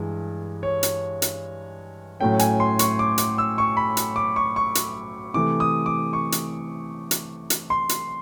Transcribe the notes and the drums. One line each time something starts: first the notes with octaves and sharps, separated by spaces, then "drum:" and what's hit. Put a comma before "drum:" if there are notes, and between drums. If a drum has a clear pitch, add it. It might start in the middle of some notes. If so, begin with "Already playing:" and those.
Already playing: G2 E3 G#3
C#5
drum: hi-hat
drum: hi-hat
A2 F#3 A3 C#4 G5
G#5, drum: hi-hat
C6
C#6, drum: hi-hat
D6
D6, drum: hi-hat
E6
C#6
B5
drum: hi-hat
D6
C#6
C#6
drum: hi-hat
C3 E3 A3 D6
D#6
D6
C#6
drum: hi-hat
drum: hi-hat
drum: hi-hat
C6
drum: hi-hat